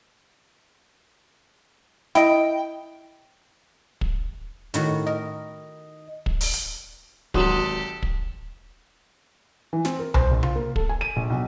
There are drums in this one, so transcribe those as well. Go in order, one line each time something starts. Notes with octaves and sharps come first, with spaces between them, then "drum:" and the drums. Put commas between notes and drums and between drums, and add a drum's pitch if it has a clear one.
E4 D#5 G5, drum: snare
drum: kick
A2 D#3 F#4, drum: hi-hat
A#4 D#5
drum: kick
drum: open hi-hat
drum: hi-hat
G#1 F#3 G4 A4 C6 D#6, drum: kick
drum: kick
E3
C4, drum: snare
A#4
C5, drum: tom B1
A#1
F4, drum: tom C3
A#3
A4, drum: kick
G#5
D#7
A#1
B1